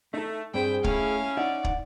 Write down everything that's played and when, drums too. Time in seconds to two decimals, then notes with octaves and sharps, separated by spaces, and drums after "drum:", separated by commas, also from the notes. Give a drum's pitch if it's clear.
0.14 A3 D#4 A4
0.54 G2 C4 E4 G#4 B4 C5 G5
0.84 A3 C#4 E4 F5 G#5, drum: kick
1.37 D#4 D5 E5 F#5
1.64 drum: kick